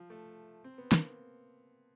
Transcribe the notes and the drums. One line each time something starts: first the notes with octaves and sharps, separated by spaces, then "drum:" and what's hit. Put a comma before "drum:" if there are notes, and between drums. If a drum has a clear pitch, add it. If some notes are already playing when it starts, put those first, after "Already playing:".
Already playing: F3
A3
C4
B3
A#3, drum: snare